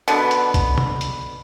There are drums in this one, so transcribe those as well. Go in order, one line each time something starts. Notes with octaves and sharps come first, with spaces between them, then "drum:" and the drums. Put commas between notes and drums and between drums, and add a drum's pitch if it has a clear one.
B2 D3 B3, drum: hi-hat
drum: hi-hat
drum: kick, hi-hat
drum: tom
drum: hi-hat